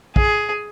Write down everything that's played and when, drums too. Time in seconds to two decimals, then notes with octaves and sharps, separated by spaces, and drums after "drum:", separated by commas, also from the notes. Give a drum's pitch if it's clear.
0.16 G#4, drum: kick